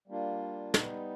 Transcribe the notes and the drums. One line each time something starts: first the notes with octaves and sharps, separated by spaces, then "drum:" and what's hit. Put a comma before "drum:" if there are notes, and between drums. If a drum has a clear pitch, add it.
G3 A#3 D4 F4
G3 B3 D#4, drum: snare